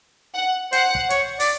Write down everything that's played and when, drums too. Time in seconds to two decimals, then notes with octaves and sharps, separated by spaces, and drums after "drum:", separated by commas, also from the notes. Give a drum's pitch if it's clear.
0.34 F#5
0.73 C5 F#5, drum: hi-hat
0.95 drum: kick
1.10 C#5, drum: hi-hat
1.40 D5, drum: open hi-hat